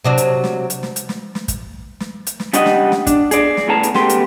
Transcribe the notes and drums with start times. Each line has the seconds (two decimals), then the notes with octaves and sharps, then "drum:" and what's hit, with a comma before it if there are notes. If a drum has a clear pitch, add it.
0.04 C3 F#3 D4
0.18 drum: hi-hat
0.44 drum: snare
0.70 drum: hi-hat
0.83 drum: snare
0.96 drum: hi-hat
1.09 drum: snare
1.35 drum: snare
1.48 drum: kick, hi-hat
2.00 drum: snare
2.27 drum: hi-hat
2.40 drum: snare
2.53 C#3 G3 D4 D#5 F#5, drum: hi-hat
2.66 drum: snare
2.92 drum: snare
3.07 D4, drum: kick, hi-hat
3.31 G#4 D5, drum: hi-hat
3.57 drum: snare
3.68 A2 C#3 B3 G#4 A5 A#5
3.83 drum: hi-hat
3.94 F#2 A3 B3 G4 C6, drum: snare
4.09 drum: hi-hat